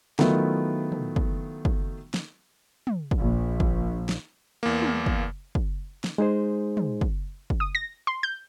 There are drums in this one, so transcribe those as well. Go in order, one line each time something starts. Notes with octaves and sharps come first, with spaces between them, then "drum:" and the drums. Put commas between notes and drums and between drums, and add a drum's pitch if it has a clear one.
D#3 F#3 A3 B3 E4 F4, drum: snare
drum: tom
drum: kick
drum: kick
drum: snare
drum: tom
drum: kick
A#1
drum: kick
drum: snare
E2 A#3
drum: tom
drum: kick
drum: kick
drum: snare
G#3 D#4 G#4 C5
drum: tom
drum: kick
drum: kick
D#6
A#6
C6
G6